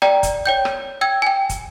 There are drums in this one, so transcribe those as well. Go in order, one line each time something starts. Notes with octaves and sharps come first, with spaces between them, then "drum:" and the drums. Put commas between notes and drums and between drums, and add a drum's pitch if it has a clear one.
D5 G5 A#5, drum: rim click
drum: kick, hi-hat
C#5 G5 G6
drum: rim click
G5 E6 G#6
G5 G#5
drum: kick, hi-hat